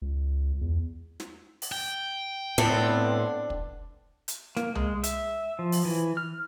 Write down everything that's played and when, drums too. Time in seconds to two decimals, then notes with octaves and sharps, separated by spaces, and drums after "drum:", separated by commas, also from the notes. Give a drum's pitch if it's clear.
0.02 C#2
0.61 E2
1.20 drum: snare
1.62 drum: open hi-hat
1.72 G5
2.58 A2 B3 C4 D4 A4
3.50 drum: kick
4.28 drum: hi-hat
4.57 A#3, drum: snare
4.75 G#3, drum: tom C2
5.04 E5, drum: hi-hat
5.59 F3
5.72 drum: open hi-hat
5.85 E3
6.17 F6